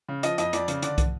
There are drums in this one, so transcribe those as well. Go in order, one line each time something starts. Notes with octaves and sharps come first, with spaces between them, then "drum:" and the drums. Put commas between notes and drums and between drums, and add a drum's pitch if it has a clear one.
C#3
F3 D#5, drum: hi-hat
F2 D#5, drum: hi-hat
F2 D5, drum: hi-hat
C#3, drum: hi-hat
D3 D5, drum: hi-hat
drum: kick, hi-hat